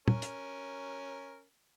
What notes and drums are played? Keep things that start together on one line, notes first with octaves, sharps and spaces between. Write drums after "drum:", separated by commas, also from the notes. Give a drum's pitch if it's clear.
C#4 A#4, drum: tom
drum: hi-hat